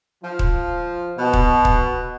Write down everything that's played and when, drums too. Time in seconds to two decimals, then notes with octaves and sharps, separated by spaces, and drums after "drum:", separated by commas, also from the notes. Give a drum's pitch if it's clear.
0.24 F3
0.39 drum: kick D#1
1.17 B2
1.33 drum: kick D#1
1.65 drum: kick D#1